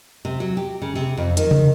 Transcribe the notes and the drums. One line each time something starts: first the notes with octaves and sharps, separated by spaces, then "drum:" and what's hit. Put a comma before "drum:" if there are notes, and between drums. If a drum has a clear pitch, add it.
C3
F#3
G4
C#3
C3
F2
D#3, drum: hi-hat
drum: tom C3